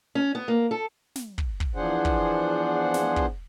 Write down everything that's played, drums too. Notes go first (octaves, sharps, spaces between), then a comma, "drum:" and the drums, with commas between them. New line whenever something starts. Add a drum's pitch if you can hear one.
C#4
B3
A#3
A4
drum: snare
drum: kick
drum: kick
E2 F3 D4 G#4 C5 F#5
drum: kick
drum: snare
drum: kick